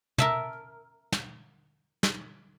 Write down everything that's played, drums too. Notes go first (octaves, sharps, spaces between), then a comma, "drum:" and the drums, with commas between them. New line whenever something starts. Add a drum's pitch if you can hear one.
A#4 E5 A5, drum: tom
drum: snare
drum: snare